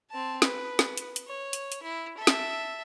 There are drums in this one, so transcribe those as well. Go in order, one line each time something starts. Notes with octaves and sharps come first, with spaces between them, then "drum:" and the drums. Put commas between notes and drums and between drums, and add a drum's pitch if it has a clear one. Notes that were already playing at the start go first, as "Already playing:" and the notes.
C4 A5
B4, drum: snare
drum: snare
drum: hi-hat
drum: hi-hat
C#5
drum: hi-hat
drum: hi-hat
E4
A4 E5
drum: snare